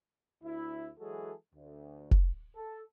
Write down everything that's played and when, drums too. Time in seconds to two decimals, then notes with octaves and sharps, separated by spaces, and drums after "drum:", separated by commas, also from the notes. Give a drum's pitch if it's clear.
0.44 D2 E4
0.99 E3 F#3 G#3 F#4 G#4 A4
1.55 D2
2.11 drum: kick F1
2.56 A4